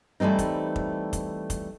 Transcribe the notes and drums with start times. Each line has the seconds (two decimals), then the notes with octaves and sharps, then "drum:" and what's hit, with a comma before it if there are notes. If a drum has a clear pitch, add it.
0.20 E3 G3 A3 C4 D#4
0.39 drum: kick, hi-hat
0.76 drum: kick
1.13 drum: kick, hi-hat
1.50 drum: kick, hi-hat